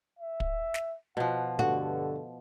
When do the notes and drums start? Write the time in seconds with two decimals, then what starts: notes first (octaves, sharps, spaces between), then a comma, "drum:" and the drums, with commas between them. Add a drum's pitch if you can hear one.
0.19 E5
0.40 drum: kick
0.74 drum: snare
1.17 B2 F3 F#5
1.59 G2 D3 F#4 A4